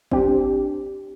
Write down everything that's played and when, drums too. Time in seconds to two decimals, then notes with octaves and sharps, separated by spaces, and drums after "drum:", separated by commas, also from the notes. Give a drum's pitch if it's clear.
0.11 C4 D4 G4, drum: kick